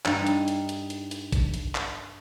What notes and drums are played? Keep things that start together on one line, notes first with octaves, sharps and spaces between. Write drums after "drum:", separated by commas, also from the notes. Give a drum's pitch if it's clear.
G2 D#4, drum: clap
drum: hi-hat
drum: hi-hat
drum: hi-hat
drum: hi-hat
drum: hi-hat
drum: kick, hi-hat
drum: hi-hat
drum: clap